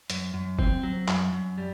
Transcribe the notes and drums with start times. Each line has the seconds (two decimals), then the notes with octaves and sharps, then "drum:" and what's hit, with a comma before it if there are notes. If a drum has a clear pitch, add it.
0.10 F#2, drum: hi-hat
0.34 F#2
0.59 C4, drum: kick F#1
0.83 F#3
1.08 F#2, drum: clap
1.33 F#2
1.58 G3